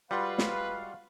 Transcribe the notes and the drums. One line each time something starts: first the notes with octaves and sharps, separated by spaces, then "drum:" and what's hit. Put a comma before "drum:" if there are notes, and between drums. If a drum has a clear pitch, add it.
G3 G#3 F4 F#4 B4 F5 F#5 C6
drum: snare